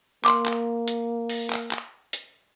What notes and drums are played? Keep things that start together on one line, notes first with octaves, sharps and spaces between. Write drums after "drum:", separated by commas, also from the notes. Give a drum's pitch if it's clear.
A#3 C6 D6, drum: clap
drum: clap
drum: hi-hat
drum: open hi-hat
drum: clap
drum: clap
drum: hi-hat